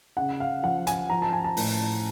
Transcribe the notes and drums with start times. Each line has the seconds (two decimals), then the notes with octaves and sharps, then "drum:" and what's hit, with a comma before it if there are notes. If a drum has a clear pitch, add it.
0.17 C#3 F#5
0.40 F5
0.63 F3 F#5
0.87 G#5, drum: hi-hat
1.10 F3 A#5
1.22 A5
1.33 G#5
1.44 A5
1.57 A2, drum: open hi-hat